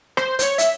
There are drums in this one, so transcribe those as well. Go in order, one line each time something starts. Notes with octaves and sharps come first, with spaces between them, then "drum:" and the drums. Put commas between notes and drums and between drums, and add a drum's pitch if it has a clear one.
C5, drum: rim click
C5, drum: hi-hat
C#5
E5, drum: hi-hat